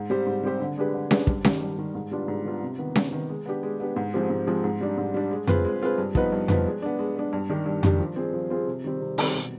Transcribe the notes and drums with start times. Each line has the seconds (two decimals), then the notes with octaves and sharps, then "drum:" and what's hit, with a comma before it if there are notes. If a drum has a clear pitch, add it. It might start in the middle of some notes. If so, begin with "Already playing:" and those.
Already playing: G#2
0.10 G3 C4 G4 C5
0.27 G#2
0.43 G3 C4 G4 C5
0.60 D3
0.77 G#3 D4 G4 B4
0.94 D3
1.11 G#3 D4 G4 B4, drum: snare C#4
1.27 G2, drum: kick
1.45 D#3 G3, drum: snare C#4
1.61 G2
1.78 D#3 G3
1.95 G#2
2.11 G3 B3 D4 F4
2.28 G#2
2.45 G3 B3 D4 F4
2.62 C3
2.79 D#3 B3
2.96 C3, drum: snare C#4
3.12 D#3 B3
3.29 G#3
3.46 B3 D4 G4
3.63 G#3
3.80 B3 D4 G4
3.96 G#2
4.14 F3 G#3 C4 G4
4.30 G#2
4.47 F3 G#3 C4 G4
4.64 G#2
4.81 G3 D4
4.98 G#2
5.14 G3 D4
5.31 G#3
5.47 C4 F4 G#4 B4, drum: tom F2
5.65 G#3
5.81 C4 F4 G#4 B4
5.98 G2
6.15 F3 B3 D#4 B4, drum: kick
6.32 G2
6.48 F3 B3 D#4 B4, drum: tom F2
6.66 G#3
6.82 B3 D4
6.99 G#3
7.16 B3 D4
7.33 G2
7.49 D#3 G3 D4 G4
7.66 G2
7.83 D#3 G3 D4 G4, drum: tom F2
7.99 F3
8.16 C4 F4 G#4
8.34 F3
8.50 C4 F4 G#4
8.67 C3
8.84 D#3 G3 C4
9.01 C3
9.18 D#3 G3 C4, drum: open hi-hat
9.34 B2